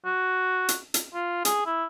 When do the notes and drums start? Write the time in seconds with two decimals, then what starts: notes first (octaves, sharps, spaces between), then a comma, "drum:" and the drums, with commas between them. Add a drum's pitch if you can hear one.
0.05 F#4
0.69 drum: hi-hat
0.94 drum: hi-hat
1.14 F4
1.45 G#4, drum: hi-hat
1.66 E4